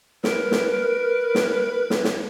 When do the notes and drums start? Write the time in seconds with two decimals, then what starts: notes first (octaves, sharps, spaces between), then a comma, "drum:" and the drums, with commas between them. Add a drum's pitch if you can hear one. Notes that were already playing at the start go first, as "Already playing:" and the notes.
0.24 A#4 B4, drum: snare
0.51 drum: snare
1.35 drum: snare
1.90 drum: snare
2.04 drum: snare